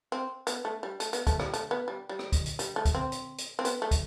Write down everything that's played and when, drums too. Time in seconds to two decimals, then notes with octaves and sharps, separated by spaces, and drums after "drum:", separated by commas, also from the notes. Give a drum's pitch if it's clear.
0.12 C4
0.47 B3, drum: hi-hat
0.65 A3
0.83 G3
1.00 A3, drum: hi-hat
1.13 B3, drum: hi-hat
1.27 A3, drum: kick, hi-hat
1.40 G3, drum: rim click
1.54 A3, drum: hi-hat
1.71 B3
1.88 G3
2.09 G3
2.19 drum: rim click
2.32 drum: kick, hi-hat
2.46 drum: hi-hat
2.59 G3, drum: hi-hat
2.76 A3
2.85 drum: kick, hi-hat
2.95 C4
3.12 drum: hi-hat
3.38 drum: hi-hat
3.59 C4
3.65 B3, drum: hi-hat
3.82 A3
3.91 drum: kick, hi-hat